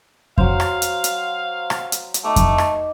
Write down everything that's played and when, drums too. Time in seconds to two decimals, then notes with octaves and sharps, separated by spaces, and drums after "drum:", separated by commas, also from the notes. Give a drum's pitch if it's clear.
0.38 F#3 C5 F5, drum: kick F2
0.60 drum: rim click
0.82 drum: hi-hat
1.04 drum: hi-hat
1.70 drum: rim click
1.92 drum: hi-hat
2.14 drum: hi-hat
2.24 A3 D#4 G5 D6
2.36 drum: kick F2, hi-hat
2.58 drum: rim click